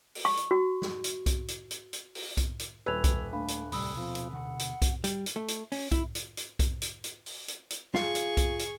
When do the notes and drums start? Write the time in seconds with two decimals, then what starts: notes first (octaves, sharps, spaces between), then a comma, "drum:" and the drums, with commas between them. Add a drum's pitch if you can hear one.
0.15 drum: open hi-hat
0.25 C#6
0.37 drum: hi-hat
0.51 F#4
0.82 drum: snare
1.04 drum: hi-hat
1.26 drum: kick B1, hi-hat
1.48 drum: hi-hat
1.71 drum: hi-hat
1.93 drum: hi-hat
2.15 drum: open hi-hat
2.37 drum: kick B1, hi-hat
2.59 drum: hi-hat
2.86 D#1 B4 E6 G#6 F7
3.04 drum: kick B1, hi-hat
3.33 A3 D4 F5 B5
3.48 drum: hi-hat
3.72 C2 A2 C3 G3 B5 D#6 E6, drum: open hi-hat
3.96 B2 F3 C4
4.15 drum: hi-hat
4.32 D2 B2 D3 F#5
4.59 drum: hi-hat
4.82 drum: kick B1, hi-hat
5.04 G3, drum: hi-hat
5.26 drum: hi-hat
5.36 A3
5.48 drum: hi-hat
5.72 C#4, drum: open hi-hat
5.91 E4, drum: kick B1, hi-hat
6.15 drum: hi-hat
6.37 drum: hi-hat
6.59 drum: kick B1, hi-hat
6.82 drum: hi-hat
7.04 drum: hi-hat
7.26 drum: open hi-hat
7.48 drum: hi-hat
7.70 drum: hi-hat
7.95 F4 G#4 F5 C#6, drum: snare
8.15 drum: hi-hat
8.37 drum: kick B1, hi-hat
8.59 drum: hi-hat